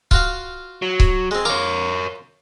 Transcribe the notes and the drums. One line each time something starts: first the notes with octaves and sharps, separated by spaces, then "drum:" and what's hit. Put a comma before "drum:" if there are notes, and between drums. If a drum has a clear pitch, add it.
F4 F#4 F5, drum: kick C#1
F#3
drum: kick C#1
G#3 C4
F4 A#4 C#5 A#5 D6